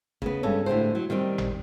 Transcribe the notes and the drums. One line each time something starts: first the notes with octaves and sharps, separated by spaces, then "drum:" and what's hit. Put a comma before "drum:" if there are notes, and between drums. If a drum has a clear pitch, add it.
C#3 B3, drum: kick
G2 G#3 C#4 A4 C#5
A2 D3 G4 C5
F#3
D#3 G3 C4 G4
drum: tom G#1